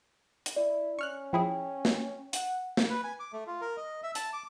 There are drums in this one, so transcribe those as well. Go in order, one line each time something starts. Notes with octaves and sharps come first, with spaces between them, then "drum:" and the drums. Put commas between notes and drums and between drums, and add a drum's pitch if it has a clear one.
drum: hi-hat
E4 D5
C#4 C#6 F6 F#6
F3 E4 G#4 G5
drum: snare
F#5, drum: hi-hat
drum: snare
B4
G#5
D6
A3
F4
A#4
D#5
E5
A5, drum: hi-hat
D6